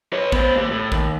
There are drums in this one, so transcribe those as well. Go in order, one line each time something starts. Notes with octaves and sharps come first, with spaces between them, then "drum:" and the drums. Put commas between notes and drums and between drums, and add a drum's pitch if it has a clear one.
B4 C#5
B3 C5, drum: kick A1
A#3 G4
A2
D#2, drum: kick A1